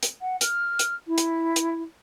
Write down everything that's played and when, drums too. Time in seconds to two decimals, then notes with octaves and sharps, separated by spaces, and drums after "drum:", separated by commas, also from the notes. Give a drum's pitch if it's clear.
0.03 drum: hi-hat
0.21 F#5
0.41 F6, drum: hi-hat
0.79 drum: hi-hat
1.07 E4
1.18 drum: hi-hat
1.56 drum: hi-hat